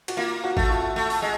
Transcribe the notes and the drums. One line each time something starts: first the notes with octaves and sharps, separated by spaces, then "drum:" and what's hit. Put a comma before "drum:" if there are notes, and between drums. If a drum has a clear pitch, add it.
F#4, drum: cymbal
A#3 F4
F#4
A3, drum: kick G#1
F4
A3
drum: open hi-hat
G#3